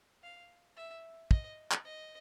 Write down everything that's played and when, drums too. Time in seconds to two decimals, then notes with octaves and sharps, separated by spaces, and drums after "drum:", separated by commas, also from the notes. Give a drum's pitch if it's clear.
0.23 F5
0.77 E5
1.31 D#5, drum: kick
1.72 drum: clap
1.85 D#5